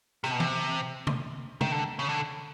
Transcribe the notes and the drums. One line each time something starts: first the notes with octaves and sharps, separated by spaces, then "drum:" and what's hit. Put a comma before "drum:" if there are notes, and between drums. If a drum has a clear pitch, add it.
C3, drum: rim click
B2
C3, drum: tom E3
drum: tom
D#3, drum: tom
D3
C#3
D3